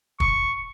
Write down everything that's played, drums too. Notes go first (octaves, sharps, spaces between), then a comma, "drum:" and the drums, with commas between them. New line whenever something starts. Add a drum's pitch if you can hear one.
C#6, drum: kick